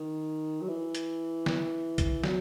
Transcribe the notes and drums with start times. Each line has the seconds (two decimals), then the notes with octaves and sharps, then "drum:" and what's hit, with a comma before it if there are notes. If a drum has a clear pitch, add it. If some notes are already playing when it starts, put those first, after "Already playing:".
Already playing: D#3
0.61 F#3
0.68 E3
0.95 drum: hi-hat
1.46 drum: snare
1.98 drum: kick A#1, hi-hat
2.24 F#3, drum: snare